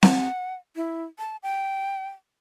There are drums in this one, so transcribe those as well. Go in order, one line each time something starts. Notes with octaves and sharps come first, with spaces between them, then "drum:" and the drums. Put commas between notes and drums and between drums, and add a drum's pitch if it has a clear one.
F#5, drum: snare C4
E4
A5
G5